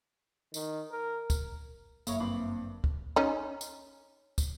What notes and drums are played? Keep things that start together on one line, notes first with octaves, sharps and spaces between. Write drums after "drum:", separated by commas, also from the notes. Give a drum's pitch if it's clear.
D#3, drum: tambourine
A#4
drum: kick, tambourine
G1 F#2 A#3 E4 A#4 C#5, drum: tambourine
G2 C4 B5 C6 D6
drum: kick
C#4 D#4
drum: tambourine
drum: kick, tambourine